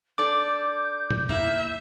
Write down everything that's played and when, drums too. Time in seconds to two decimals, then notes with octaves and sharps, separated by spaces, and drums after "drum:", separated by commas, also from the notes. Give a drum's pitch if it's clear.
0.18 D4 A4 D5 D6 G6
1.11 drum: tom
1.29 A#3 E4 E5, drum: tom E2